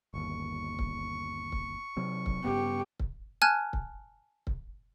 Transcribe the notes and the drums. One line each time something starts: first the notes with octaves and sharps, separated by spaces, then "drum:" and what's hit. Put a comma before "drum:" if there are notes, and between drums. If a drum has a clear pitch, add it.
G1 D#2 C#6
drum: kick C#1
drum: kick C#1
C3 F#3 C4
drum: kick C#1
G2 C#3 B3 G4
drum: kick C#1
G#5 A5 F6 F#6 G#6
drum: kick C#1
drum: kick C#1